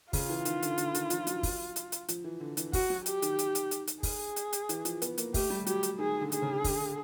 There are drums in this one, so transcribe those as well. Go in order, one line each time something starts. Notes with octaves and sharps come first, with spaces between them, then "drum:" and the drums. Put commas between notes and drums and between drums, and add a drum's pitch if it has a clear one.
C#3 F4, drum: kick, open hi-hat
E3
D#3, drum: hi-hat
D3, drum: hi-hat
D3, drum: hi-hat
D#3, drum: hi-hat
F3, drum: hi-hat
F#3, drum: hi-hat
drum: kick, open hi-hat
drum: hi-hat
drum: hi-hat
F3, drum: hi-hat
E3
D3
E3, drum: hi-hat
F#4, drum: kick, open hi-hat
F#3
G4, drum: hi-hat
D#3, drum: hi-hat
drum: hi-hat
drum: hi-hat
drum: hi-hat
drum: hi-hat
G#4, drum: kick, open hi-hat
drum: hi-hat
drum: hi-hat
E3, drum: hi-hat
F3, drum: hi-hat
B3, drum: hi-hat
A#3, drum: hi-hat
A3 G4, drum: kick, open hi-hat
G3
F#3 G4, drum: hi-hat
drum: hi-hat
D#3 G#4
D3
G#4, drum: hi-hat
C#3
D3, drum: kick, open hi-hat
D3